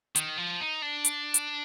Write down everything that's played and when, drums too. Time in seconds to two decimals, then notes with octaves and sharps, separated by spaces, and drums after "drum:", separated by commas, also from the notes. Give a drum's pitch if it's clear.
0.15 D#3, drum: hi-hat
0.37 F3
0.61 D#4
0.82 D4
1.05 drum: hi-hat
1.34 drum: hi-hat